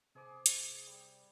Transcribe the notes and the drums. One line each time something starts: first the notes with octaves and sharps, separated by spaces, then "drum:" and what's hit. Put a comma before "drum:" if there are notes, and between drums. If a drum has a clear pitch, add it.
C3 G#4 C5 D6
drum: hi-hat
G3